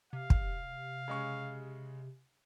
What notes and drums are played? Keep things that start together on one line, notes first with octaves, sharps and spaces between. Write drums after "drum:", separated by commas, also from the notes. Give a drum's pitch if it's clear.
C3 F5
drum: kick
C#3 G#3 C#6